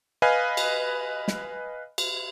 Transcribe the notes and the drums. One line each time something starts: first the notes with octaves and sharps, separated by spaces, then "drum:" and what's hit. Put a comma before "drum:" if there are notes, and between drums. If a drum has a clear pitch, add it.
B4 D#5 F5 G#5
drum: cymbal
drum: snare
drum: cymbal